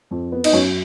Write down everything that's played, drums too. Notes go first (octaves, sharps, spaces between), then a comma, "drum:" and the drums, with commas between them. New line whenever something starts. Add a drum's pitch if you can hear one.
F2
B3
D#4, drum: cymbal
F#2 C#4